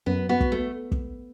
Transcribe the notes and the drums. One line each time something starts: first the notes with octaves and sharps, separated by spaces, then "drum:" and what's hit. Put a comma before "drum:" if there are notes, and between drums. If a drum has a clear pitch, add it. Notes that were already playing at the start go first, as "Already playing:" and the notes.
F#2 B3
B3 F#4
drum: kick
A3
drum: kick